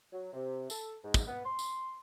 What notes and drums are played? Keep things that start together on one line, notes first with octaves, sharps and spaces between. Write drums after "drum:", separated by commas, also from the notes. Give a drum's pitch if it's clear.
F#3
C3
A4, drum: tambourine
G#2
drum: kick, tambourine
B3
C6
drum: tambourine